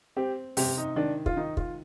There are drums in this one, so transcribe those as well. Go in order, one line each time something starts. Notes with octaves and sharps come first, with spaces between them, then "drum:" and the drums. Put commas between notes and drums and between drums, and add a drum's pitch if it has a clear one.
C4 G4
C3 G4, drum: open hi-hat
D#4
D#3 D4
F4, drum: kick
D#3 D#4
F4, drum: kick